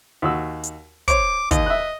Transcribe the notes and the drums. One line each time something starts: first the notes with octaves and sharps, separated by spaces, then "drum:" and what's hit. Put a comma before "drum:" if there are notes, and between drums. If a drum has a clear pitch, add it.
D#2 F#4 E6
drum: hi-hat
C5 C#5 D6, drum: kick, hi-hat
D#2 D#5, drum: kick, hi-hat
E5 F#6